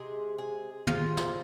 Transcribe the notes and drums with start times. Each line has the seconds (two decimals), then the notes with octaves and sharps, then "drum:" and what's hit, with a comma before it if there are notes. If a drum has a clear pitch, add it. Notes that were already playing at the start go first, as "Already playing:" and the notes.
Already playing: C3 G#3 G#4
0.38 G#4
0.87 C3 F3 G#3 F4, drum: tom
1.17 drum: snare